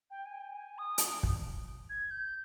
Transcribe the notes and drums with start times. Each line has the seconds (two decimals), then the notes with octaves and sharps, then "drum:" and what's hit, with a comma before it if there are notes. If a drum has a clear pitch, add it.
0.10 G5
0.26 G#5
0.40 G5
0.55 G#5
0.78 D#6
0.98 drum: hi-hat
1.23 drum: kick
1.90 G#6
2.11 G6